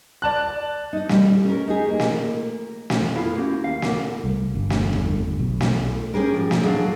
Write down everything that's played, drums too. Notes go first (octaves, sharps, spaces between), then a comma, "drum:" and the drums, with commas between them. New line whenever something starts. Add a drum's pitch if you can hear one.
D5 A5 F#6
D#4 D#5
G3, drum: snare
C#4 A#4
D#4 G4 G#4
A#3
drum: snare
drum: snare
F2
B3 E4 F4 F5
A#3 C#4 F#4 G4
D#2 F5
C#2 B2 A#3 F#4, drum: snare
C2
G1
drum: snare
drum: tom E2
B1
drum: snare
C#4 G4 G#4 A#4
G#2 F3
drum: snare
D#2 F#3 D4 G#4 F5